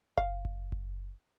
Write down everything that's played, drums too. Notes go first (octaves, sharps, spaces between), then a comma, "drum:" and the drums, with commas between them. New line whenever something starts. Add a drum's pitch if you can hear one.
F5, drum: kick F#1
drum: kick F#1
drum: kick F#1